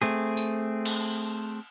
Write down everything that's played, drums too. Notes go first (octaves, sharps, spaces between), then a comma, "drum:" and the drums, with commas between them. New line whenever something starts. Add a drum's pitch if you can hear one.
A3 C4 G#4
drum: tambourine
drum: cymbal